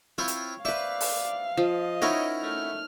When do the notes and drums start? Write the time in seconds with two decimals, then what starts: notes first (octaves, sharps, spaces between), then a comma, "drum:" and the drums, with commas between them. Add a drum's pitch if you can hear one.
0.18 C4 E4 F4 C#5
0.28 drum: hi-hat
0.65 B4 C5 D5 E5 F5 C#6
1.01 drum: open hi-hat
1.57 F3 D#5
2.02 C#4 D#4 E4 A#4 C#5 F#5
2.43 A3 F6